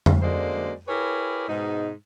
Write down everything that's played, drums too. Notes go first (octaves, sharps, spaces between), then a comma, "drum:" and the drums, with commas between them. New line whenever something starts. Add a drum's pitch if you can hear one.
drum: tom F2
F#2 D3 G#3 A#3 C5 D5
E4 G4 G#4 A#4 B4 C#5
G#2 B2 D#4